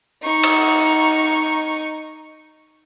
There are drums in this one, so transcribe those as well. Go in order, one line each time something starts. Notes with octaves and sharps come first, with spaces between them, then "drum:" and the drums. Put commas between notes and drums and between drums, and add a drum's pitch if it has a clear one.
D#4 C#6
drum: cymbal